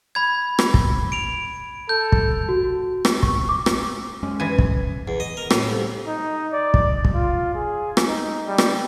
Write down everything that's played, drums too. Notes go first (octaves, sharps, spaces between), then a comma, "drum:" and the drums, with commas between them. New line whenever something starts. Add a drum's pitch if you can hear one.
B5 G#6
drum: rim click
drum: kick
D7 F7
A4 G6
drum: kick
F#4
F#4
drum: rim click
C#6, drum: kick
D6
drum: rim click
F#2 G#3 C#4
E3 G#5
drum: kick
E2
D#5
A#4
A2, drum: rim click
C2
D#4
D5
drum: kick
drum: kick
F4
G#4
drum: rim click
D#4
G3
drum: rim click